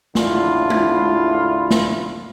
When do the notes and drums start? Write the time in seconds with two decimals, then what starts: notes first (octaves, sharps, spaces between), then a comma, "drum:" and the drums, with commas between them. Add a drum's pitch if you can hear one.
0.15 A1 E2 D3 A3 E4 F4, drum: snare
0.70 drum: tom G#3
1.70 drum: snare